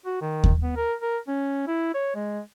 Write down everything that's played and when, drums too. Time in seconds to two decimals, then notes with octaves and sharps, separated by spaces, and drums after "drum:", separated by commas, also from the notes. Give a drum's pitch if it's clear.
0.05 F#4
0.21 D#3
0.44 drum: kick D#2
0.63 B3
0.76 A#4
1.02 A#4
1.28 C#4
1.67 E4
1.94 C#5
2.15 G#3